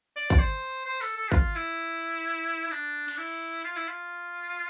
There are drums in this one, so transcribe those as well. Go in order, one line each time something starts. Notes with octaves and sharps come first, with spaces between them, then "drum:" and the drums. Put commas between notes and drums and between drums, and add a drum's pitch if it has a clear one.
D5
D5, drum: kick
C5
C5
A4, drum: open hi-hat
A4
F4, drum: kick
E4
E4
D4
D4, drum: cymbal
E4
F4
E4
F4